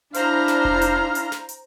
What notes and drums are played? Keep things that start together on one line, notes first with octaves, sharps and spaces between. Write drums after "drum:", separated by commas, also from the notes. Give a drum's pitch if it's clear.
D4 E4 C5 F5 A#5, drum: hi-hat
drum: snare
drum: kick F1
drum: hi-hat
drum: hi-hat
drum: snare
drum: hi-hat